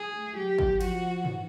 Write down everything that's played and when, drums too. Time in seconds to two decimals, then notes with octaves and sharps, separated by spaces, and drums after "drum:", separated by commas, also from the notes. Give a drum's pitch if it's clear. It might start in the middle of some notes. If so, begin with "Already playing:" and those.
Already playing: G#4
0.15 A3
0.36 F#3 G4
0.59 drum: kick
0.81 F3 F#4, drum: cymbal
1.25 E3, drum: tom G2